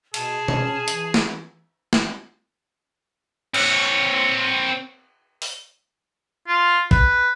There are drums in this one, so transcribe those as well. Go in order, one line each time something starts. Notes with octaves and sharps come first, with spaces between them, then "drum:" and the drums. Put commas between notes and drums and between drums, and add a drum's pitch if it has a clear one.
B2 G#4 A5, drum: cymbal
C#4, drum: tom B2
E3, drum: hi-hat
drum: snare
drum: snare
C4 C#5, drum: cymbal
drum: open hi-hat
F4
B4, drum: kick A#1